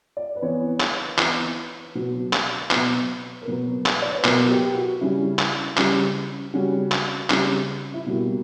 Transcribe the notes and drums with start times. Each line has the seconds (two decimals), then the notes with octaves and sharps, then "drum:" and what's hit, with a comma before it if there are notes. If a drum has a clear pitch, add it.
0.17 D5
0.35 B4
0.42 E3 B3 C#5
0.80 drum: clap
1.19 E3 B3, drum: clap
1.95 B2 F#3 B3
2.33 drum: clap
2.71 B2 F#3 B3, drum: clap
3.42 A#4
3.47 B2 F#3 B3 B4
3.86 drum: clap
4.02 D5
4.10 C#5
4.17 B4
4.25 B2 F#3 B3 A#4, drum: clap
4.42 F#4
4.50 G4
4.75 F#4
5.01 C#3 G3 C#4 E4
5.39 drum: clap
5.77 C#3 G3 C#4, drum: clap
6.53 C#3 G3 C#4 F#4
6.92 drum: clap
7.30 C#3 G3 C#4, drum: clap
7.94 E4
8.06 B2 G3 A#3 F#4